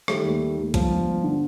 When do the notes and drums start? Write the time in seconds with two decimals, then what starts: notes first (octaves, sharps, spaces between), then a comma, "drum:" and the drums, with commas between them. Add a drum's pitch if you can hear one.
0.08 D#3 G3 A3, drum: rim click
0.25 D#2
0.41 D#3
0.58 D#2
0.74 G1 F3, drum: kick, hi-hat
0.91 G1
1.07 G1
1.24 D3